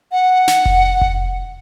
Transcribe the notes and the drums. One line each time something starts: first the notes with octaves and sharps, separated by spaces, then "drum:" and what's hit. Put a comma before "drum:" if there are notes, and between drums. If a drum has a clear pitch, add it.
F#5
drum: snare
drum: kick F1
drum: kick F1